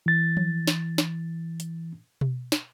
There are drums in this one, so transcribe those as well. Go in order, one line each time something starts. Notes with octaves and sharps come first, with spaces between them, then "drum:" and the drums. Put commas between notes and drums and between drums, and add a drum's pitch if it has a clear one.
E3 A6
drum: tom F3
drum: snare
drum: snare
drum: hi-hat
drum: tom B2
drum: snare